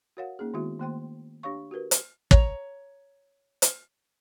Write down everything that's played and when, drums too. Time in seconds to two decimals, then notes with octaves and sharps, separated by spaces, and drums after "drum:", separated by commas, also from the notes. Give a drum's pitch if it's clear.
0.17 F#4 A#4 C#5 F5 F#5
0.39 A#3 C#4 D#4 G#4
0.54 D#3 G#3 B3 E4 F#4 E5
0.80 D#3 A3 A#3 C5 G5 C6
1.43 D4 G4 C#5 F5 C#6
1.71 F#4 G4 A#4 B4
1.91 drum: hi-hat
2.31 C#5 A#5, drum: kick
3.62 drum: hi-hat